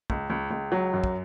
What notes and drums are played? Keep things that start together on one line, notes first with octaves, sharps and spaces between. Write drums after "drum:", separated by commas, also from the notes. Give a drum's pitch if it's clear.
C#2, drum: kick
C#2
C#2
F#3
F#2
drum: kick